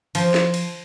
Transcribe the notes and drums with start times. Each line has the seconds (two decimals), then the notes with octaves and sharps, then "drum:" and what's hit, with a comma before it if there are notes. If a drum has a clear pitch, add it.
0.15 F3, drum: cymbal
0.34 drum: snare
0.54 drum: cymbal